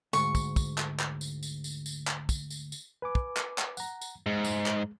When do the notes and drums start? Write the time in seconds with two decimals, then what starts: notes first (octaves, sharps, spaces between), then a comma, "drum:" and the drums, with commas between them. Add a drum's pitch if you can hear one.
0.13 D2 G#2 C#6, drum: tambourine
0.35 drum: kick, tambourine
0.56 drum: kick, tambourine
0.78 drum: clap
0.99 drum: clap
1.21 drum: tambourine
1.43 drum: tambourine
1.64 drum: tambourine
1.86 drum: tambourine
2.07 drum: clap
2.29 drum: kick, tambourine
2.50 drum: tambourine
2.72 drum: tambourine
3.02 B4 G#5 D6
3.15 drum: kick
3.37 drum: clap
3.58 drum: clap
3.77 F#5 A#5, drum: tambourine
4.01 drum: tambourine
4.26 G#2 G#3
4.45 drum: tambourine
4.66 drum: clap